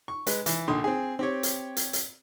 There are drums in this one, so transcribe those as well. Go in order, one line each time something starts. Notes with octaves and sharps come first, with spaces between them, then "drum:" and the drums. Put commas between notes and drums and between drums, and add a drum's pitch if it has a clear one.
C#6
G#3 B4, drum: hi-hat
E3, drum: hi-hat
A#1 D3 C6 D#6
C4 G#4
C4 G4 C#5
drum: hi-hat
drum: hi-hat
drum: hi-hat